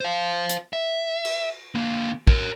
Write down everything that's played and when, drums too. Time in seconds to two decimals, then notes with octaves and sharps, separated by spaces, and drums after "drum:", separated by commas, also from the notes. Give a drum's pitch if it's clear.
0.01 C5 F5
0.49 drum: hi-hat
0.73 E5
1.25 drum: cymbal
1.75 D3 A#3
2.27 A#4 C#5, drum: kick